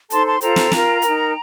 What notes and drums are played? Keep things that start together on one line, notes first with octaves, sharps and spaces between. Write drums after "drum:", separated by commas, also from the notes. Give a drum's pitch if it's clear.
D#4 A4 C5 A5 C6, drum: hi-hat
A5 C6
F4 A4 C5 G5 A#5, drum: hi-hat
drum: snare
F4 A#4, drum: snare
D#4 A#4, drum: hi-hat